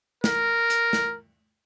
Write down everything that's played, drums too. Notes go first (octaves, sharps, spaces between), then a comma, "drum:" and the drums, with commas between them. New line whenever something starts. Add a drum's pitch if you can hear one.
A#4, drum: snare
drum: hi-hat
drum: snare